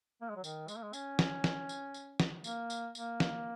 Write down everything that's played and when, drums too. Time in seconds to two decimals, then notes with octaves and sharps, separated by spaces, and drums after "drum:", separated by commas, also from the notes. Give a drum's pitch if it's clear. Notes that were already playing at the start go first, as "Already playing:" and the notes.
0.22 A#3
0.29 G#3
0.36 F#3
0.44 D#3, drum: tambourine
0.68 G#3, drum: tambourine
0.76 A#3
0.83 G#3
0.93 C#4, drum: tambourine
1.19 drum: snare
1.44 drum: snare
1.69 drum: tambourine
1.94 drum: tambourine
2.20 drum: snare
2.44 A#3, drum: tambourine
2.70 drum: tambourine
2.95 A#3, drum: tambourine
3.20 drum: snare